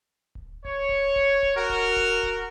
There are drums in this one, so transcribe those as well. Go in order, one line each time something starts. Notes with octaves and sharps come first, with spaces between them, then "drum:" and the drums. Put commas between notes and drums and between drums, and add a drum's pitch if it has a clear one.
drum: kick D1
C#5, drum: kick D1
drum: kick D1
drum: kick D1
drum: kick D1
F#4 A#4
drum: kick D1
drum: kick D1
drum: kick D1